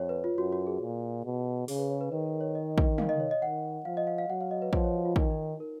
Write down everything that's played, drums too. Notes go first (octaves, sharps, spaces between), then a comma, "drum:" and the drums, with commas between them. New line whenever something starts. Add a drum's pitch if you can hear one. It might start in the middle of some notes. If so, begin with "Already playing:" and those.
Already playing: F2 C#5
B4
F4
F#2 F#4
F#4
G#4
A#2
B2
C#3 G#4, drum: open hi-hat
B4
C#5
B4
D#3 B4
A#4
C#5
D#5
drum: kick
F5, drum: tom
D#5
C#5
D#5
D#3 F#5
F3 F5
D#5
F5
F5
F#3 F#5
F5
D#5
B4
F3 C#5, drum: kick
C#5
F#4
F4
D#3 D#4, drum: kick
D#4
A#4